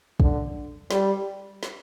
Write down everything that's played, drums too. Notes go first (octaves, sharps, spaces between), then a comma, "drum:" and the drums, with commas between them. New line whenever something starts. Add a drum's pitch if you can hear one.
D3, drum: kick
G3, drum: snare
drum: snare